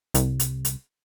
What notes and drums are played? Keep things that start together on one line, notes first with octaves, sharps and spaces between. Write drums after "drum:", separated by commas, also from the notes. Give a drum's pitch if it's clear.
C2, drum: hi-hat
drum: hi-hat
drum: hi-hat